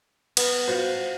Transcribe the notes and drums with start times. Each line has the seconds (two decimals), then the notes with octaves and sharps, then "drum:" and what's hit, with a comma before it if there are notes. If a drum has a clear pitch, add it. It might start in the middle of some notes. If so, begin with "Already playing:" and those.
0.37 B3, drum: cymbal
0.67 F4 F#4 C5